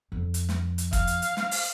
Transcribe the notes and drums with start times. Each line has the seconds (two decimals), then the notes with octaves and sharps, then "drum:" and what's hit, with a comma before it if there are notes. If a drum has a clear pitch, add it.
0.12 F2
0.34 drum: hi-hat
0.49 drum: snare
0.78 drum: hi-hat
0.93 F5, drum: kick, hi-hat
1.07 drum: hi-hat
1.22 drum: hi-hat
1.37 drum: snare
1.51 drum: open hi-hat